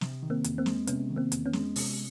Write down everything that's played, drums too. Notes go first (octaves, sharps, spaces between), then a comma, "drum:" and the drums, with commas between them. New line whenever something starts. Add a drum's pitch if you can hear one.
C3, drum: snare
D#3
A#3 C4
E2, drum: hi-hat
A#3 C4
G#3, drum: snare
C3 B3 C#4, drum: hi-hat
D#3
A#3 C4
E2, drum: hi-hat
B3 C#4
G#3, drum: snare
C3, drum: open hi-hat